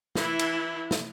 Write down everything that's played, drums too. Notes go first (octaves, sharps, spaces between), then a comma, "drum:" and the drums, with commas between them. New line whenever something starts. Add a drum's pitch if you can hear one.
E3 E4, drum: snare
drum: cymbal
drum: snare